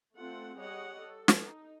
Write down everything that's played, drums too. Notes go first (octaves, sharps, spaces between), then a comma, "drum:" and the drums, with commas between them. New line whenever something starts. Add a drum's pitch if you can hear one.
A3 C4 F4 F#5
G3 G#4 C#5 D#5 F#5
A4
drum: snare
D#4